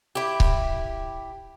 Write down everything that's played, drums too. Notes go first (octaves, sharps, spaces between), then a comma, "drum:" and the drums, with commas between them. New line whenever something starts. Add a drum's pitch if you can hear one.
E4 G4
drum: kick C#1